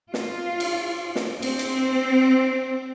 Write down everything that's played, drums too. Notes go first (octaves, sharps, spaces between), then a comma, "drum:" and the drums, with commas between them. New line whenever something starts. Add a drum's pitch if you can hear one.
F4, drum: snare
drum: cymbal
drum: snare
C4, drum: cymbal
drum: hi-hat